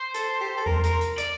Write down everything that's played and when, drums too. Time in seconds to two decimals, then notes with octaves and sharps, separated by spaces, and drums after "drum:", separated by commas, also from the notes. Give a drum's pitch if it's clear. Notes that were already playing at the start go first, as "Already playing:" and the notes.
Already playing: C5
0.14 A4, drum: hi-hat
0.40 G4
0.57 A4
0.66 A#4, drum: tom E2
0.84 A#4, drum: hi-hat
1.01 drum: hi-hat
1.18 D5, drum: hi-hat